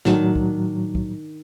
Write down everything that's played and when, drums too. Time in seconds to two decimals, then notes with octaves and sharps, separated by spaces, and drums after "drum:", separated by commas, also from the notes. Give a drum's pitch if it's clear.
0.05 A2 D#3 F#3 D4 A5, drum: snare
0.36 drum: kick
0.95 drum: kick